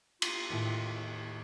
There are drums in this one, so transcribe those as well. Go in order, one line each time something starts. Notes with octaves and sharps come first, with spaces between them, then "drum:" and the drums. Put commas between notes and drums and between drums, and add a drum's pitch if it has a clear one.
F4, drum: cymbal
D#2 A2